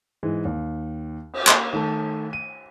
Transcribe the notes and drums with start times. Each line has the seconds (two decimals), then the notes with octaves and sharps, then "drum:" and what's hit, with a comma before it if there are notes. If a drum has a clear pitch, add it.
0.23 G#2 E3 G#3
0.45 D#2
1.33 drum: cymbal
1.47 A#3, drum: clap
1.73 D#3 A3 A5
2.33 D#7